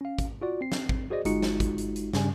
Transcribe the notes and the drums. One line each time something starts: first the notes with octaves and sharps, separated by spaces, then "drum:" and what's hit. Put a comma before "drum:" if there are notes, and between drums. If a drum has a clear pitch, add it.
C#4 F5
drum: kick, hi-hat
F4 F#4 D5
C4 C7
drum: snare
drum: kick
F#4 G#4 C5 D5 D#5
G1 G#3 D#4 F4 F#4 C#7, drum: hi-hat
drum: snare
drum: kick, hi-hat
drum: hi-hat
drum: hi-hat
G2 C#3 G3 C#4 G#5, drum: snare